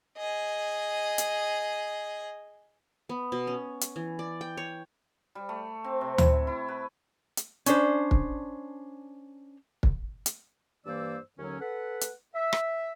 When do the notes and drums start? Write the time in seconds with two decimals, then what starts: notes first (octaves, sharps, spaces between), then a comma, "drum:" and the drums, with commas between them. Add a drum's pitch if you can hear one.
0.17 G#4 D#5
1.18 drum: hi-hat
3.09 B3
3.32 B2
3.47 C#4
3.81 drum: hi-hat
3.96 E3
4.19 D5
4.41 G5
4.57 C#5
5.35 G3
5.49 A3
5.84 C4
6.01 C3
6.18 E4, drum: tom D2
6.47 E4
6.68 B4
7.37 drum: hi-hat
7.66 C#4 D4 C5, drum: hi-hat
8.11 drum: kick
9.83 drum: kick
10.26 drum: hi-hat
10.86 G2 E3 A#3 C5 D5 E6
11.39 D#2 D3 F#3 C#4
11.60 A4 B4 F#5
12.01 drum: hi-hat
12.35 E5
12.53 drum: rim click